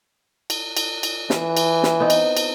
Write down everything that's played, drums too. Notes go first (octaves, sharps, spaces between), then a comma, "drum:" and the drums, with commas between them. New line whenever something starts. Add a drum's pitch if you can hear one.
drum: cymbal
drum: cymbal
drum: cymbal
E3, drum: snare
drum: cymbal
drum: snare
B3 C4 D#4
drum: cymbal
drum: cymbal